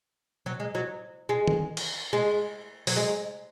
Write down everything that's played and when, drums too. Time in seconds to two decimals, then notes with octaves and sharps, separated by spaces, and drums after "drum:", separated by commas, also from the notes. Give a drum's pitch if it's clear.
0.46 F#3
0.60 G#3
0.75 F#3
1.29 G#3
1.48 drum: tom D#3
1.77 drum: cymbal
2.13 G#3
2.87 F#3, drum: open hi-hat
2.96 G#3